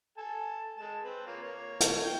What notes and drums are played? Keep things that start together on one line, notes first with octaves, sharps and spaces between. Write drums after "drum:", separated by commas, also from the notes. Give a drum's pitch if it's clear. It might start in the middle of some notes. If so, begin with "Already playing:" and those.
A4 G#5 A5
G#3 A5
C4 B4
A#3 F4 C#5
A#3 C#5
drum: hi-hat
G5